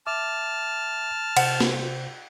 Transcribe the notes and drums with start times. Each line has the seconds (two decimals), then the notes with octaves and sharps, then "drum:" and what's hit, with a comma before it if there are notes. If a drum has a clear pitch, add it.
0.07 E5 A5 D6 F6
1.37 C3 C5 F#5, drum: cymbal
1.60 drum: snare